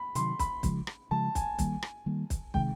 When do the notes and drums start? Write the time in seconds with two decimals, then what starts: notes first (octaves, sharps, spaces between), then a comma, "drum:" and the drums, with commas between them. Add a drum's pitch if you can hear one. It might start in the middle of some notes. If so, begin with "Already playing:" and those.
Already playing: B5
0.15 C3 D#3 F#3 C6, drum: hi-hat
0.39 B5, drum: kick, hi-hat
0.63 C#3 F3 G#3, drum: kick, hi-hat
0.87 drum: rim click
1.11 C#3 F3 G#3 A5
1.35 G#5, drum: kick, hi-hat
1.59 D#3 G3 A#3, drum: kick, hi-hat
1.82 drum: rim click
2.06 D#3 G3 A#3
2.30 drum: kick, hi-hat
2.54 C3 D#3 G#3 G5, drum: kick